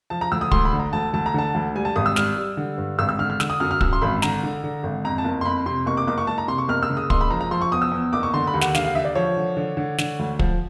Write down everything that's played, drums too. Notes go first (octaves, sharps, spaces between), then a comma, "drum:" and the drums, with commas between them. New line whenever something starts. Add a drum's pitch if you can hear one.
F3 A5
A#5
D2 E6
D#6
D2 C6, drum: kick
B5
D3
A#5
D2 A5
D2 A5
A#5
D3 A5
D2
G3 G#5
A5
G#1 D#6
E6
G3 F6, drum: snare
G3
D3
G2
G#1 E6
E6
D3 F6
F6
D3 E6, drum: snare
D#6
F#2 F6
F6
F#2 E6, drum: kick
C6
G#1 B5
D3 A#5, drum: snare
D3
D3
G#1
F2 A#5
A5
F#1
C6
F2 B5
C3 C6
F#1 C#6
D6
F#1 D6
C#6
F#1 A5
A#5
C3 C6
C#6
F#1 F6
E6
C#3
D#6
F#1 C6, drum: kick
B5
F3 A#5
A#5
F3 C6
C#6
E2 D#6
E6
E2
F#1 D6
C#6
D3 C6
B5
D#2
F#5, drum: snare
D3 F5, drum: snare
F5
D3 E5
D5
F3 C#5
D3
D3
D3
D3, drum: snare
D2
F3, drum: kick